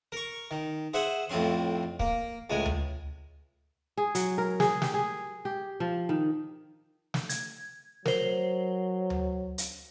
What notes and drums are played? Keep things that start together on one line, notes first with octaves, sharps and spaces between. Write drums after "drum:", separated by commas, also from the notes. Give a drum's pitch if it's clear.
A#4 C#6
D#3
G#4 C5 E5 F#5
F2 A2 C4 C#4 C6
A#3, drum: kick
C#2 A2 G#3 G#5
drum: tom D2
G#4
F#3, drum: hi-hat
A#4
G#4, drum: snare
G4, drum: snare
G#4
G4
F3
D#3
drum: snare
G#6, drum: hi-hat
F#3 A#4 C5, drum: snare
drum: tom D2
drum: hi-hat